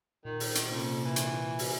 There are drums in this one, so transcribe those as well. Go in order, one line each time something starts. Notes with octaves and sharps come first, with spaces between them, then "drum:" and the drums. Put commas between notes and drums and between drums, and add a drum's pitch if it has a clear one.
A#2 D#3
drum: open hi-hat
drum: hi-hat
F2 C3 A#3 C#4
E3
drum: hi-hat
F#4 G#5, drum: open hi-hat